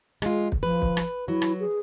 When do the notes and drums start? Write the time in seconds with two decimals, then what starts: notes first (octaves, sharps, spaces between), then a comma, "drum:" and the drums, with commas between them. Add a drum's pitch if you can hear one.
0.22 G#3 F4, drum: rim click
0.52 drum: kick
0.63 F3 B4
0.82 drum: kick
0.97 drum: rim click
1.28 F#3 E4
1.42 drum: rim click
1.60 G#4